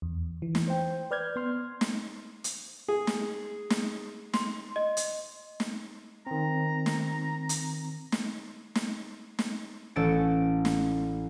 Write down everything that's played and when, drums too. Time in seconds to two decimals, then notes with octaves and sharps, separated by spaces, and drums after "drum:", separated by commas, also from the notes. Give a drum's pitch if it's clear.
0.02 E2
0.42 E3
0.55 drum: snare
0.68 C5 G5
1.11 B4 D5 F6 G6 G#6
1.36 B3 C6 F6
1.81 drum: snare
2.44 drum: hi-hat
2.88 G#4
3.07 drum: snare
3.70 drum: snare
4.34 C6, drum: snare
4.76 D#5
4.97 drum: hi-hat
5.60 drum: snare
6.27 D#3 C4 A#5
6.86 drum: snare
7.49 drum: hi-hat
8.12 drum: snare
8.75 drum: snare
9.39 drum: snare
9.96 A1 C#4 A4 A6 D7
10.65 drum: snare